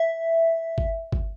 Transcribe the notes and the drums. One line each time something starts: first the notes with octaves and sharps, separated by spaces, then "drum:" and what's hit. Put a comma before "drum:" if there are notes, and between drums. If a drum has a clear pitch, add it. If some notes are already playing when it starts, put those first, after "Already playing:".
Already playing: E5
drum: kick G1
drum: kick G1